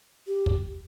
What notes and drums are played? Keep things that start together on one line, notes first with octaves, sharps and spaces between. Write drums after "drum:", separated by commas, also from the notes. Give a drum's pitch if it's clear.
G4
drum: kick